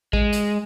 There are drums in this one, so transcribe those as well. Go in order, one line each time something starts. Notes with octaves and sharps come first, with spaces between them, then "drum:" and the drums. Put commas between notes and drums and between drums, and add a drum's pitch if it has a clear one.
G#3, drum: kick A1
drum: hi-hat